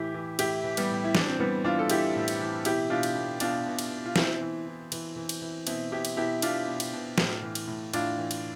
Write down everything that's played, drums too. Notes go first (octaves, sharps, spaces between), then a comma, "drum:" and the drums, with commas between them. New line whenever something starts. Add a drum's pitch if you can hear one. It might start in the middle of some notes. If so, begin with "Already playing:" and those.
Already playing: A2 E3 E4 G4
E3
A2 E4 G4, drum: cymbal
E3
G3 B3, drum: cymbal
A2
E4
E3 D4, drum: snare
C4
E3 G3 B3
E3 D4 F4
A4
E3 E4 G4, drum: cymbal
A2
drum: cymbal
E3
B2 E4 G4, drum: cymbal
B2 D4 F4
drum: cymbal
B2
B2 D4 F4, drum: cymbal
B2
drum: cymbal
B2
F4
E3 C4 E4, drum: snare
E3
E3
E3, drum: cymbal
E3
drum: cymbal
E3
B2 C4 E4, drum: cymbal
B2 E4 G4
drum: cymbal
B2 E4 G4
B2 D4 F4, drum: cymbal
B2
drum: cymbal
B2
A2, drum: snare
E3
drum: cymbal
A2
A2 D4 F4, drum: cymbal
E3
drum: cymbal